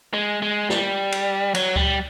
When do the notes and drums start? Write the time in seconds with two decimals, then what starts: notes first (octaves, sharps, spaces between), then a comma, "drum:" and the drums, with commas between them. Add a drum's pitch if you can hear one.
0.14 G#3
0.42 G#3
0.70 G3, drum: snare
1.12 drum: cymbal
1.55 F#3, drum: cymbal
1.76 G3, drum: kick C#2